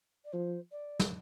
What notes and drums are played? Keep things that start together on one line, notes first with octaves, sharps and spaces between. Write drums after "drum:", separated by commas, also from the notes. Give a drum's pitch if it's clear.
D5
F3 C5
D5
drum: snare